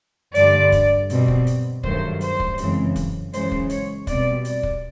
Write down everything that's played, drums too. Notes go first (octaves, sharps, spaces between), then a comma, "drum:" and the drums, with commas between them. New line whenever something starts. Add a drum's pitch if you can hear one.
G2 D3 G3 D5, drum: hi-hat
drum: kick, hi-hat
B2 G3 C4, drum: hi-hat
drum: kick
drum: hi-hat
G2 D#3 F#3 A3 C5, drum: kick
C5, drum: hi-hat
drum: kick
F#2 C#3 E3 G#3 C4, drum: hi-hat
drum: kick, hi-hat
F#2 C#3 E3 G#3 C5, drum: hi-hat
drum: kick
C#5, drum: hi-hat
B2 G3 C4 D5, drum: kick, hi-hat
D5, drum: hi-hat
drum: kick